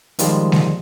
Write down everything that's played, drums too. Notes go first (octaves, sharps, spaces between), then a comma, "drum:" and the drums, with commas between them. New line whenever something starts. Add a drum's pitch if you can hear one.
D#3 F3 G3 G#3 F4 G4, drum: hi-hat
drum: snare G#3